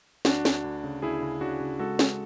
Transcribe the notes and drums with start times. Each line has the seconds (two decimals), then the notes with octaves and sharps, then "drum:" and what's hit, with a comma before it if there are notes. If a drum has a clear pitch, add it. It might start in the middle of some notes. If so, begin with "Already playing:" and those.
0.25 D2 D4 F#4, drum: snare
0.45 D2, drum: snare
0.64 D2
0.84 C#3
1.02 D2 E4 G#4
1.22 C#3
1.41 C#3 D4 F#4
1.60 C#3
1.79 G#3 F#4 A4
1.99 G#3, drum: snare